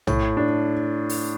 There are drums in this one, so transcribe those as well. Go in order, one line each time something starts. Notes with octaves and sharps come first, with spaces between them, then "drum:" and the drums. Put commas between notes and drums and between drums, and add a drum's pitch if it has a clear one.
A2, drum: tom
D4
drum: open hi-hat